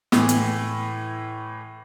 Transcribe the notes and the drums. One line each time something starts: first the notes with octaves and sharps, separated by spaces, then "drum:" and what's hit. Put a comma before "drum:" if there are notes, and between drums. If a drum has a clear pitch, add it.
A2 E3, drum: snare
drum: hi-hat